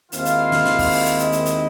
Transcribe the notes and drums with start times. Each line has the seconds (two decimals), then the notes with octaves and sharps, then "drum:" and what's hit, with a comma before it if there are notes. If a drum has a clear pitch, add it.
0.12 D#2 D#3 G#3 C4 E4 F4 F5, drum: hi-hat
0.25 drum: hi-hat
0.52 drum: snare
0.65 drum: snare
0.79 drum: kick, open hi-hat
0.92 drum: open hi-hat
1.05 drum: hi-hat
1.19 D#4 D#5, drum: hi-hat
1.32 drum: hi-hat
1.45 drum: hi-hat